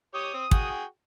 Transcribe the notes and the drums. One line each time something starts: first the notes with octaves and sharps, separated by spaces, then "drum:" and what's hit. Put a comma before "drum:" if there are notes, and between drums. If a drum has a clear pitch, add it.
G4 C#5 D#6
C4
F#4 G#4 G5, drum: kick